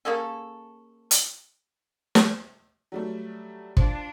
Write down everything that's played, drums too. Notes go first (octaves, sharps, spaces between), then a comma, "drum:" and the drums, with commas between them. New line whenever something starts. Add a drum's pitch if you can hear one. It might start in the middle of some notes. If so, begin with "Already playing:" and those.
A#3 C#4 G#4 A4
drum: hi-hat
drum: snare
F#3 G3 A3
D4 F4 C5, drum: kick